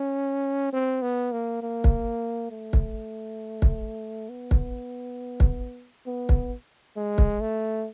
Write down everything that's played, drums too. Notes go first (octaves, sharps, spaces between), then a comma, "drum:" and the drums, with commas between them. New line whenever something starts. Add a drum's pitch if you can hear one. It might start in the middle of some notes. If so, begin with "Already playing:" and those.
Already playing: C#4
C4
B3
A#3
A#3
drum: kick
A3
drum: kick
drum: kick
B3
drum: kick
drum: kick
B3
drum: kick
G#3
drum: kick
A3